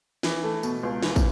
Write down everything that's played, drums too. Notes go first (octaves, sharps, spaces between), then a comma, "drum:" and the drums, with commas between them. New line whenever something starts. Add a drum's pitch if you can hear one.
E3, drum: snare
A3
B2, drum: tambourine
C#2
E3, drum: snare
drum: kick, tambourine